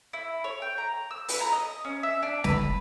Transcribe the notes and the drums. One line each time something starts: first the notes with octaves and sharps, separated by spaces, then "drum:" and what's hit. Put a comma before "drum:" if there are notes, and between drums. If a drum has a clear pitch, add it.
E4
C#5
G5
A#5
E6
B4, drum: open hi-hat
A#5
D#5
C#4
E5
D4
B4, drum: snare